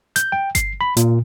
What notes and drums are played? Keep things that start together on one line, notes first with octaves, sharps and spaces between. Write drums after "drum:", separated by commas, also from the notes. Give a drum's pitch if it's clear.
G6, drum: hi-hat
G5
C7, drum: kick G1, hi-hat
B5
A#2, drum: hi-hat